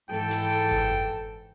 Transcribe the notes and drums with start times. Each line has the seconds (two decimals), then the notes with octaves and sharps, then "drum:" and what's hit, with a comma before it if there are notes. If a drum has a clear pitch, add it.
0.11 G#2 E3 A4 G5
0.31 drum: snare
0.71 drum: kick G1
0.91 drum: tom F2